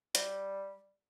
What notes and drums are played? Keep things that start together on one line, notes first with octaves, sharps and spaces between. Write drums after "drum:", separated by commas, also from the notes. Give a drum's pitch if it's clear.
G3, drum: hi-hat